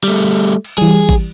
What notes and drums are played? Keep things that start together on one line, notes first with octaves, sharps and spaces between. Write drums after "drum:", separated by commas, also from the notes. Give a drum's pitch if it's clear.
G3 A3, drum: open hi-hat
drum: cymbal
E3 G3 G#4
drum: kick G#1